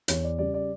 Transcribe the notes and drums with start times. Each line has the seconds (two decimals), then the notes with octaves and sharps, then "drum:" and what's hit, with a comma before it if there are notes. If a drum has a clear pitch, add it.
0.08 E2 C#5, drum: hi-hat
0.24 D5
0.38 C#3 G3 D5
0.54 D5